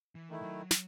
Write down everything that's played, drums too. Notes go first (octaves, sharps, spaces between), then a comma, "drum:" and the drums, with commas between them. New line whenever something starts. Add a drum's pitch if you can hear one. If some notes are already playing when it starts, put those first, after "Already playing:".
E3
D#3 A3 E4
F#3
drum: snare